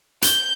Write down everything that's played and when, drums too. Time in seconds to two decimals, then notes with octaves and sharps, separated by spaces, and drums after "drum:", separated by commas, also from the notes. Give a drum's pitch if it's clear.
0.22 G6, drum: hi-hat